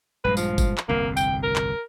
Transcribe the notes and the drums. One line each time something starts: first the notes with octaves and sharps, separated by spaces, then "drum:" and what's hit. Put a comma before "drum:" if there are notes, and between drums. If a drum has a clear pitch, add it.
A#1 G2 G#3 B4
F3, drum: tambourine
drum: kick G1, tambourine
drum: clap
G1 C2 F2 A#3
G5, drum: tambourine
A#4
drum: clap